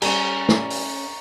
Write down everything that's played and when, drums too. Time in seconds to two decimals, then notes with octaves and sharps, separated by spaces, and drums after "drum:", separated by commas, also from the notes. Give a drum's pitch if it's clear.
0.02 G3 C#4 C#5 G#5 A#5 C#6 D#7, drum: cymbal
0.49 drum: snare
0.70 drum: open hi-hat